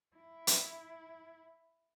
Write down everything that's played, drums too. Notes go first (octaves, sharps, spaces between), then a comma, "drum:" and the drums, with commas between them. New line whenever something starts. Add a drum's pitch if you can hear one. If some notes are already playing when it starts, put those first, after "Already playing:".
E4
drum: hi-hat